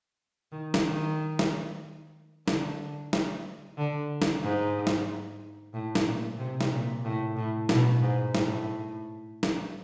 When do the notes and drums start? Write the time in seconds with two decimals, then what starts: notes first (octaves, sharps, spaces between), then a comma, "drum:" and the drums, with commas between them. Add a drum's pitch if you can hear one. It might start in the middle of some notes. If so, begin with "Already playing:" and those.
0.52 D#3
0.74 drum: snare
0.84 D#3
1.39 drum: snare
2.48 D3, drum: snare
3.13 drum: snare
3.78 D3
4.22 drum: snare
4.44 G#2
4.87 drum: snare
5.74 A2
5.95 drum: snare
6.07 A#2
6.38 C3
6.61 drum: snare
6.72 A#2
7.04 A2
7.37 A2
7.69 B2, drum: snare
8.02 G#2
8.35 A2, drum: snare
9.43 drum: snare